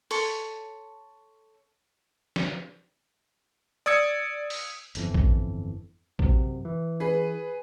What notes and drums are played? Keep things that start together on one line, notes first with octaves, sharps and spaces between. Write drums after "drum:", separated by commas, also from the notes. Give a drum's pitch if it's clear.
A4 C#5 C6, drum: open hi-hat
drum: snare
D5 D#6 E6 G#6 C#7
drum: open hi-hat
G1 F2 E3, drum: hi-hat
drum: kick
F#2 C3, drum: kick
E3
G#4 B4